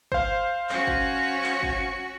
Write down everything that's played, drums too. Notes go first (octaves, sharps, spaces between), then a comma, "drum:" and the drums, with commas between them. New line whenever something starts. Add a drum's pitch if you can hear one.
C5 F5, drum: kick G1
C#4 F#4, drum: clap
drum: kick G1
drum: clap
drum: kick G1